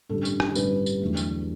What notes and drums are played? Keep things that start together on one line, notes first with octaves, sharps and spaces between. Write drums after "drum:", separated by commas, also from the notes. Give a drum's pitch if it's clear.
A1 G2 D3 G3 A4
drum: tambourine
G4, drum: rim click
A1 G2 D3 G3 B4, drum: tambourine
drum: tambourine
E2 D3 F#3 A3
drum: tambourine